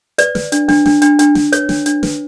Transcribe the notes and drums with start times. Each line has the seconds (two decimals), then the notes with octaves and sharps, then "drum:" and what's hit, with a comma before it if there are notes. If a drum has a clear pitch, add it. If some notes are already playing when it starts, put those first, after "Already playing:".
0.18 B4 D5, drum: hi-hat
0.35 B4, drum: snare
0.52 D4, drum: hi-hat
0.69 D4, drum: snare
0.86 D4, drum: snare
1.02 D4, drum: hi-hat
1.19 D4, drum: hi-hat
1.35 D4, drum: snare
1.52 B4 C#5, drum: hi-hat
1.69 D4, drum: snare
1.86 D4, drum: hi-hat
2.03 B4, drum: snare